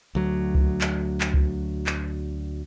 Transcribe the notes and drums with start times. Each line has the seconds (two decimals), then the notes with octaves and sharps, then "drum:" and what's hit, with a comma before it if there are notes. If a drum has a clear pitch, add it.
0.15 D2 F#3
0.55 drum: kick C#2
0.81 drum: clap
1.21 drum: clap
1.34 drum: kick C#2
1.87 drum: clap